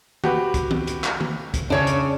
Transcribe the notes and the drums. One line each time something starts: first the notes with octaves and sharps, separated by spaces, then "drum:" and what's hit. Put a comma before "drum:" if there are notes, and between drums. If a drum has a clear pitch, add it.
F#4 G4 B4, drum: tom D#3
drum: kick, hi-hat
drum: tom D#3
drum: hi-hat
drum: clap
drum: tom D#3
drum: kick, hi-hat
C#3 D4 C#5, drum: tom F2
drum: hi-hat